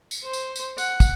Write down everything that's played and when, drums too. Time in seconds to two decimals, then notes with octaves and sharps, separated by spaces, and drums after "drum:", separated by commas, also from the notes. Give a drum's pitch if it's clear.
0.11 drum: tambourine
0.24 C5
0.33 drum: tambourine
0.56 drum: tambourine
0.78 F#5, drum: tambourine
1.00 drum: kick, tambourine